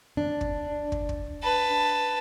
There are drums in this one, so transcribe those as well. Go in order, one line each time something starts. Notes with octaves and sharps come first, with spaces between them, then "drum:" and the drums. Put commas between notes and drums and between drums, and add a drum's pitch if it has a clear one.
D4
drum: kick
drum: kick
drum: kick
B4 A5